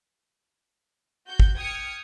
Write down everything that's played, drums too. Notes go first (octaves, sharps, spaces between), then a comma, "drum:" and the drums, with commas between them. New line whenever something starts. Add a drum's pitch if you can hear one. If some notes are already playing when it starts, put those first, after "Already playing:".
F#4 G6
drum: kick
G5 D#6 F6 G#6 C#7